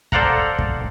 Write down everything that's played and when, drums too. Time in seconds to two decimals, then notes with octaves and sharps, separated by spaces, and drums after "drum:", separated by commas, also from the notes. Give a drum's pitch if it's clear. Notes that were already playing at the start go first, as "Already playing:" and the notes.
0.12 A4 C5 D5 F5 F#5 A#5, drum: kick
0.59 drum: kick